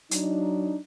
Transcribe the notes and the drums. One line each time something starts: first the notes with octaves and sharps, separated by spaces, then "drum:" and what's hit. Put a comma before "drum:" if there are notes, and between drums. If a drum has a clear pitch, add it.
F#3 D4 D#4, drum: hi-hat